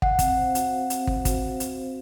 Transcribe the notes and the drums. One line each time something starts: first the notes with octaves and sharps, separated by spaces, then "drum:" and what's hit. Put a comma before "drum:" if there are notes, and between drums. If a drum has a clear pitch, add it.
F5 F#5, drum: kick
C4, drum: kick, hi-hat
C5
F#4, drum: hi-hat
F5
C4, drum: hi-hat
C5, drum: kick
F#4, drum: kick, hi-hat
drum: hi-hat